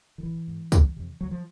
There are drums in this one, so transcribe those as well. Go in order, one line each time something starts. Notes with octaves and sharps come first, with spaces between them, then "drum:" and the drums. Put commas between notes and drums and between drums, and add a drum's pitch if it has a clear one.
D#3
A1 E3
G#2
F#1, drum: kick, tambourine
F2 C3
D2 F#3
F3